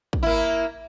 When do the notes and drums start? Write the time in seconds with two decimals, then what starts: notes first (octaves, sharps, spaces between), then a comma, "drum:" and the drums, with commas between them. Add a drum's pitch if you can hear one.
0.13 drum: kick
0.23 A#3 E4